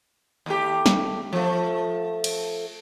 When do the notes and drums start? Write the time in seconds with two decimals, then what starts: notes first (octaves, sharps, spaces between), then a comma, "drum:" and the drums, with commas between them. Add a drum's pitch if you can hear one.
0.46 D#2 A3 G4
0.86 drum: snare
1.33 F3 A3
2.24 drum: cymbal